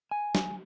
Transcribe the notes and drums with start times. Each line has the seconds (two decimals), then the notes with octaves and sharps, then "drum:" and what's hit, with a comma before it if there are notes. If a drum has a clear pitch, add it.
0.11 G#5
0.35 drum: snare